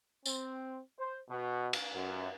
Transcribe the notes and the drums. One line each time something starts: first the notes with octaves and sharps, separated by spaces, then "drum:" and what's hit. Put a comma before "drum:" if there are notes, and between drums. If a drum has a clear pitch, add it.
C4, drum: tambourine
C5
B2
drum: cymbal
F#2